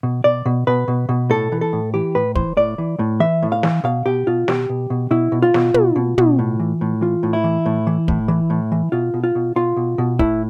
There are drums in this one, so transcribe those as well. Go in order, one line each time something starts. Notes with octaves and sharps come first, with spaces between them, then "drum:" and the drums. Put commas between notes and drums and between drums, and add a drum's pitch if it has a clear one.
B2
B2 D5
B2
B2 B4
B2
B2
A2 A4
E3
A4
A2
E3 G4
A2 B4
E3 C5, drum: kick
A2 D5
E3
A2
E3 E5
A2
F5
E3, drum: snare
B2 F5
B2 G4
B2 F4
B2 G4, drum: snare
B2
B2
B2 E4
B2
F4
B2, drum: snare
B2, drum: tom
B2
B2, drum: tom
A2
E3
A2
E3 F4
A2
E4
E3
A2
E3
A2, drum: kick
E3
A2
E3
B2 F4
B2
F4
B2
B2 F4
B2
B2
A2 E4, drum: kick